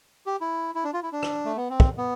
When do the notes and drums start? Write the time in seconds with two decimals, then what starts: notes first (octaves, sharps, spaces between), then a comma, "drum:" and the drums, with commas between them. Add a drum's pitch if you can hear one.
0.26 G4
0.41 E4
0.75 E4
0.84 D4
0.93 F4
1.03 E4
1.12 D4
1.23 drum: rim click
1.45 A3
1.57 B3
1.70 C4
1.80 drum: kick
1.98 B3